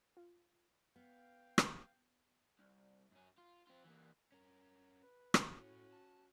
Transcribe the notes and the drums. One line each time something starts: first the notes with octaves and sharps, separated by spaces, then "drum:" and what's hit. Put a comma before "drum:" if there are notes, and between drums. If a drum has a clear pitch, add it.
F4
B3 F5 G5
drum: rim click
C2
F#2 C#4
F4
C4 F4
E3 A#3
C#4 A#4
B4
drum: rim click
A2 C#4 F#4 A4 C#5
A5